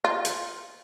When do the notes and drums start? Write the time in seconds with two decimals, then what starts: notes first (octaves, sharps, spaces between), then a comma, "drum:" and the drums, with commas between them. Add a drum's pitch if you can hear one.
0.04 F4
0.25 drum: hi-hat